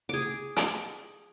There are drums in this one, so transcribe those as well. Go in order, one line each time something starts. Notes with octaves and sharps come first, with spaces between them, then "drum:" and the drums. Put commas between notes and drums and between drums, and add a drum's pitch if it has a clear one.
G#4 D6
drum: hi-hat